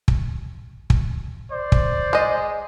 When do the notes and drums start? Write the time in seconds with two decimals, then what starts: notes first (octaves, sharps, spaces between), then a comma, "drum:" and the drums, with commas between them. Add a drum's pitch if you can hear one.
0.08 drum: kick
0.90 drum: kick
1.52 C5 D5
1.72 drum: kick
2.13 G#3 D#5